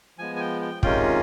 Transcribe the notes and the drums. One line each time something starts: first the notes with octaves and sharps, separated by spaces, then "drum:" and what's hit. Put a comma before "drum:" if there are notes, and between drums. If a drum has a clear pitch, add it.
F3 G#3 B3 G#5
G#5
G5
G5
C3 D#3 G#3 C#4 F4 G5, drum: kick